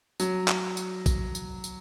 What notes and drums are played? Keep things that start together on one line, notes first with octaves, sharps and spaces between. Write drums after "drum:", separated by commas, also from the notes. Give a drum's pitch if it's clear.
F#3, drum: tambourine
drum: clap
drum: tambourine
drum: kick, tambourine
drum: tambourine
drum: tambourine